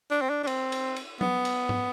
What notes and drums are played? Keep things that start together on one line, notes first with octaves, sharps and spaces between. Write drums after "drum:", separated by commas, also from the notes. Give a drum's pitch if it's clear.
D4
C4
D4
D4
C4, drum: cymbal
drum: cymbal
drum: cymbal
B3, drum: tom F#3
drum: cymbal
drum: tom G#2